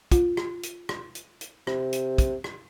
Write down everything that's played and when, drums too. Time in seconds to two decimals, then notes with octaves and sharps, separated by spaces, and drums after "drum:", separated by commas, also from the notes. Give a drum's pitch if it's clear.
0.11 F4, drum: kick, hi-hat
0.37 drum: rim click
0.63 drum: hi-hat
0.89 drum: rim click
1.15 drum: hi-hat
1.41 drum: hi-hat
1.67 C3, drum: rim click
1.93 drum: hi-hat
2.18 drum: kick, hi-hat
2.44 drum: rim click